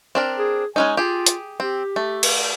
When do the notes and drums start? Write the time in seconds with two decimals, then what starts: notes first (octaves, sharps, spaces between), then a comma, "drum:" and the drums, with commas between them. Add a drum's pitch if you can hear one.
0.15 C4 D4 A#4
0.38 G#4
0.76 G#3 C#4 D#4 G#5
0.97 F4 G4 G#4
1.26 drum: hi-hat
1.60 C4 G4
1.96 A3
2.23 drum: cymbal